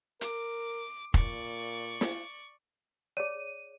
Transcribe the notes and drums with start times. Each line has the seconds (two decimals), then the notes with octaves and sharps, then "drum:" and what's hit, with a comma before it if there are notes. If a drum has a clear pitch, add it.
0.21 A#4 D6, drum: hi-hat
1.14 A#2 D5 C#6, drum: kick
2.01 drum: snare
3.17 G#4 C#5 D5 D#7